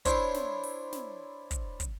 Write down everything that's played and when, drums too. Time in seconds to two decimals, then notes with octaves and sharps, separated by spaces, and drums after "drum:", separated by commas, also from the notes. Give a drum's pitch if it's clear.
0.05 D4 E4 C5 C#5, drum: kick, hi-hat
0.34 drum: snare
0.63 drum: open hi-hat
0.93 drum: snare
1.51 drum: kick, hi-hat
1.80 drum: kick, hi-hat